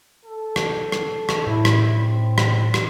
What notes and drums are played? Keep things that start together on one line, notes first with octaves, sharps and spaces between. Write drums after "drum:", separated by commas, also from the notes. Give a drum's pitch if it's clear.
A4
drum: rim click
drum: rim click
drum: rim click
A2 E4
drum: rim click
C4
drum: rim click
drum: rim click